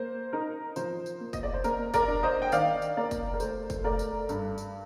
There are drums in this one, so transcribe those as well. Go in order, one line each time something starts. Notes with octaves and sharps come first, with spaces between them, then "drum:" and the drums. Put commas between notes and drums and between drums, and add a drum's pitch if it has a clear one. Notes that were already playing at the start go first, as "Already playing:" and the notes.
Already playing: A#3 C5
D#4 A#4
F3 C5, drum: tambourine
drum: tambourine
A#3
D#5, drum: kick, tambourine
D5
C5
A#3 A#4, drum: tambourine
A#4 D5, drum: kick, tambourine
D4
C5 D#5
G5
D#3 D5 F5, drum: tambourine
drum: tambourine
A#3 A#4 D5
drum: kick, tambourine
A#4
A3 C5, drum: tambourine
drum: kick, tambourine
A3 A#4 D5
drum: tambourine
G2, drum: tambourine
drum: tambourine